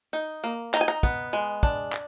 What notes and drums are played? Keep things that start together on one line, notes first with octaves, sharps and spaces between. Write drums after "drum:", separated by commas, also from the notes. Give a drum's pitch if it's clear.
D#4
A#3
D#4 A#5, drum: clap
G#5
A#5
B3, drum: kick
G#3
D4, drum: kick
drum: clap